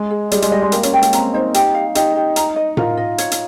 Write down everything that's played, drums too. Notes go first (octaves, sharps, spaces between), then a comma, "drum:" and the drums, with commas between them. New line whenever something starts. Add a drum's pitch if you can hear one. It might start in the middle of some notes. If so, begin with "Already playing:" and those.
Already playing: G#3 G#5
G#4
G3 G#4, drum: hi-hat
G#3, drum: hi-hat
G3 D#5
G#3
A#3 G4, drum: hi-hat
C#4, drum: hi-hat
G#3 G5
A#3, drum: hi-hat
C4 A#5, drum: hi-hat
D#4 C5
G4, drum: hi-hat
F5
D#4 G4, drum: hi-hat
G4
A#5, drum: hi-hat
D#5
F4 A#4, drum: tom A2
D#5
C#5, drum: hi-hat
drum: hi-hat